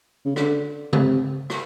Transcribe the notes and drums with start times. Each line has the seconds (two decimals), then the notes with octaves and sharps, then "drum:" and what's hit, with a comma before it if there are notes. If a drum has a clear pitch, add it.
0.26 C#3
0.36 D3, drum: rim click
0.93 C3, drum: tom C#3
1.50 drum: rim click